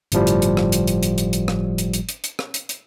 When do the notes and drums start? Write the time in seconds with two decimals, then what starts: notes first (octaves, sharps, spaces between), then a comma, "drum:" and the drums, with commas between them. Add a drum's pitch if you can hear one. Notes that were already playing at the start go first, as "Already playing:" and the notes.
0.12 G1 A2 F3 G3, drum: hi-hat
0.27 drum: hi-hat
0.42 drum: hi-hat
0.57 drum: rim click
0.72 drum: hi-hat
0.87 drum: hi-hat
1.03 drum: hi-hat
1.18 drum: hi-hat
1.33 drum: hi-hat
1.48 drum: rim click
1.78 drum: hi-hat
1.93 drum: hi-hat
2.09 drum: hi-hat
2.24 drum: hi-hat
2.39 drum: rim click
2.54 drum: hi-hat
2.69 drum: hi-hat